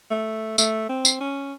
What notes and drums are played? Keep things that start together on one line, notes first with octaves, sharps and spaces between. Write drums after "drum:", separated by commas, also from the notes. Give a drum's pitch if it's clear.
A3
A3, drum: tambourine
C4
drum: tambourine
C#4